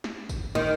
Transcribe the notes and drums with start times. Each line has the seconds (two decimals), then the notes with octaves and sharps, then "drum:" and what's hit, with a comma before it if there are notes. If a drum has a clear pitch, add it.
0.04 drum: snare
0.29 drum: kick, tambourine
0.55 D#3, drum: snare